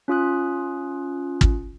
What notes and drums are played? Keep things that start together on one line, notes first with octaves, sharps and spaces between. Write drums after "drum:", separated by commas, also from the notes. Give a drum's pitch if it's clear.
C#4 F4 D#6 F#6
drum: kick